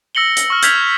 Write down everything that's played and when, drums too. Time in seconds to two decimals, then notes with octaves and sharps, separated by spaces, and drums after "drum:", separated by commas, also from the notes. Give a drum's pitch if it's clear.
0.15 E6 A#6 C#7 F#7 G7
0.37 drum: hi-hat
0.50 C#6 F6
0.62 F6 G6 G#6 B6 F7, drum: hi-hat